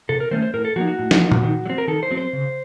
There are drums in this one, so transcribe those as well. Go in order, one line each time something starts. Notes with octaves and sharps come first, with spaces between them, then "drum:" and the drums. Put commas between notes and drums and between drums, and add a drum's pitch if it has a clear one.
C3 A4
A#4
D#3 A3 C#4 C5
C5
A2 A#4
A4
F3 A#3 D#4 F#4
F#4
A2
drum: snare
F3 A#3 D#4
drum: tom A#2
D#3
F#3
C4
A#4
D#3 A4
C5
F#3 C4
C5
C#3